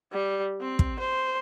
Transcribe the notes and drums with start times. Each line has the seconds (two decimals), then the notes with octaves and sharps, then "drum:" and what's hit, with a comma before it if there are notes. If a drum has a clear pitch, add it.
0.12 G3
0.61 C4
0.79 drum: kick
0.99 C5